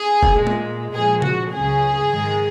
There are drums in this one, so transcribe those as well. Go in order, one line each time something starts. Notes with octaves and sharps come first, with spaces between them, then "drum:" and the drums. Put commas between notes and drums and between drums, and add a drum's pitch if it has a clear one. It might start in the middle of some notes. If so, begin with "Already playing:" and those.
Already playing: G#4
drum: kick
A#2 G#3
drum: tom G#3
A#2 F3 G#3 G#4
F#4, drum: tom C3
C#2 C#3 F#3 G#4
G#2 D#3 G#3